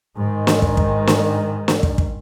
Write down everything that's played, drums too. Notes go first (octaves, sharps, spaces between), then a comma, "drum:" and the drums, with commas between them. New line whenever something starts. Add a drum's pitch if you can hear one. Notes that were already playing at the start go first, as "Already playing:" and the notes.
G#2 D#3
drum: snare
drum: kick
drum: kick
drum: snare
drum: snare
drum: kick
drum: kick